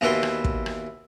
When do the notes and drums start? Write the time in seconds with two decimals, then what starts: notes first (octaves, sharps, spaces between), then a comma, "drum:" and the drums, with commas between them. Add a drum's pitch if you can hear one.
0.01 D#2 B2 E3 E4 B4 C6
0.23 drum: rim click
0.44 drum: kick
0.66 drum: rim click